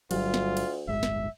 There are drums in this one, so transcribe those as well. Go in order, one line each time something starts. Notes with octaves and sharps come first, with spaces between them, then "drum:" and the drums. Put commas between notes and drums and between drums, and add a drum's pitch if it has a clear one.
G1 D2 F#3 G3 F4, drum: cymbal
drum: snare
drum: cymbal
D1 G1 G#3 E5
drum: snare